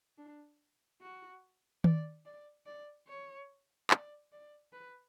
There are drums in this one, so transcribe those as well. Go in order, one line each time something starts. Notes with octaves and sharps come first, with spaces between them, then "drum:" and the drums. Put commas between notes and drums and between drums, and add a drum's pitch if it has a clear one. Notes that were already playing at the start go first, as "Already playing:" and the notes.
D4
F#4
D5, drum: tom D#3
D5
D5
C#5
D5, drum: clap
D5
B4